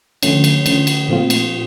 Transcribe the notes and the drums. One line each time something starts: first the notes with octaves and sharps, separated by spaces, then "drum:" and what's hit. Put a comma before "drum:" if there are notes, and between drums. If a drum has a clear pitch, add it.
D3 F3 A3 C#4, drum: cymbal
drum: cymbal
D3 F3 A3 C#4, drum: cymbal
drum: cymbal
A#2 F3 A3 C4 F4
drum: cymbal